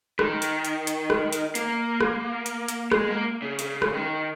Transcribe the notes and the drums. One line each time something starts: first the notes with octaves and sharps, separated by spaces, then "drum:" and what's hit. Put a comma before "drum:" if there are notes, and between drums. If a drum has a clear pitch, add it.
D#3, drum: rim click
drum: hi-hat
drum: hi-hat
drum: hi-hat
drum: rim click
drum: hi-hat
A#3, drum: hi-hat
drum: rim click
drum: hi-hat
drum: hi-hat
G#3, drum: rim click
A#3
C#3
C#3, drum: hi-hat
drum: rim click
D#3